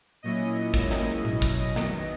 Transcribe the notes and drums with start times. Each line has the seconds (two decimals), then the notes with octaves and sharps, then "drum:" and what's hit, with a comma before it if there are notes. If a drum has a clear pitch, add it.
0.23 A#2 F#3 C#4 E4 D#5
0.74 G#2 F#3 A#3 C#4 E4, drum: kick
0.91 drum: snare
1.25 B2 F#3 C#4 E4, drum: tom A2
1.42 drum: kick
1.76 E2 D#3 F#3 B3, drum: snare